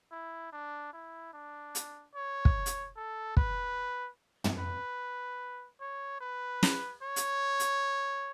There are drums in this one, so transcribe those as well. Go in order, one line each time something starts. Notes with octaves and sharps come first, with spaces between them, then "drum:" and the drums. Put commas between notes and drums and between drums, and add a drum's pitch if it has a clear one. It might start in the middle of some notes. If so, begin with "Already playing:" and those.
E4
D4
E4
D4
drum: hi-hat
C#5
drum: kick
drum: hi-hat
A4
B4, drum: kick
drum: tom
B4
C#5
B4
drum: snare
C#5
drum: hi-hat
drum: hi-hat